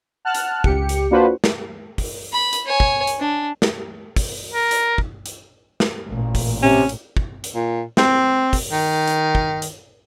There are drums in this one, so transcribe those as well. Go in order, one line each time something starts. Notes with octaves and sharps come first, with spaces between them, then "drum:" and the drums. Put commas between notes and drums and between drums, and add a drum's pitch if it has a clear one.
F#5 A5 F6 F#6
drum: hi-hat
C#2 G4 C#7, drum: kick
drum: hi-hat
A#3 D4 F4 F#4 B4 C5
drum: snare
drum: kick, open hi-hat
B5
drum: hi-hat
C#5 G#5
drum: kick
drum: hi-hat
D4
drum: snare
drum: kick, open hi-hat
A#4
drum: hi-hat
drum: kick
drum: hi-hat
drum: snare
A1 A#2
drum: kick, open hi-hat
C3 C#4
drum: hi-hat
drum: kick
drum: hi-hat
A#2
C4, drum: snare
drum: kick, open hi-hat
D#3
drum: hi-hat
drum: kick
drum: hi-hat